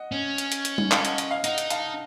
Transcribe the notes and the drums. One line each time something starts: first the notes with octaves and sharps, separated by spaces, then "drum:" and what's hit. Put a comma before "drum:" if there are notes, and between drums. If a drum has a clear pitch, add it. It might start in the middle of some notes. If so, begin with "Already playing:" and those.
Already playing: D#5 F#5
C#4
drum: hi-hat
drum: hi-hat
drum: hi-hat
drum: tom G3
F5 A5, drum: clap
D#5 F#5, drum: hi-hat
D#5, drum: hi-hat
F5
D#4 D#5 F#5, drum: hi-hat
drum: hi-hat
F5 A5, drum: hi-hat